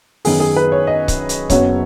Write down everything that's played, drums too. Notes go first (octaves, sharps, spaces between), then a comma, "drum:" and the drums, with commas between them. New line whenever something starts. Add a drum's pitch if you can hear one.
F#2 D#3 B3 G#4, drum: open hi-hat
G#4
B4
C#5
D#5
drum: kick C#1, hi-hat
drum: hi-hat
F#1 F#2 F#3 B3 C#5, drum: kick C#1, hi-hat